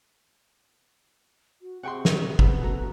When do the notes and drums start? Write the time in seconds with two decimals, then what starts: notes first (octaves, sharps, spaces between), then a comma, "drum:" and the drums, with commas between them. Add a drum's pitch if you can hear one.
1.62 F#4
1.83 C3 G#4 F#5 G5 C6 C#6
2.05 drum: snare
2.39 B3, drum: kick
2.62 D2 C#4 F#4 A4 A#5 F#6